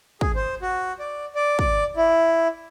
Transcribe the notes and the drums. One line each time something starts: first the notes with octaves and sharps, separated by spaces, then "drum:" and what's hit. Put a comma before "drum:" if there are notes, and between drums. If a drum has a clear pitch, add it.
G#4, drum: kick
C5
F#4
D5
D5
D5, drum: kick
E4